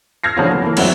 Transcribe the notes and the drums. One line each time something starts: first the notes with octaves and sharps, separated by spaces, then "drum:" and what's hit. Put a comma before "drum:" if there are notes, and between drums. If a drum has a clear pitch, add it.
E6 F6 G#6 A#6 C7
E2 D3 F3 B3 C#4 F4
F#3 A#3 B3
E3 A#3
G#1 F#3 C4 E5 F#6, drum: cymbal